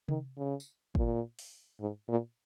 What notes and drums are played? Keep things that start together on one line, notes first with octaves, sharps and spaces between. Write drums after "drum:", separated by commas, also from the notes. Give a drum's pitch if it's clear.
D#3, drum: tom C3
C#3
drum: tambourine
A#2, drum: kick
drum: open hi-hat
G#2
A#2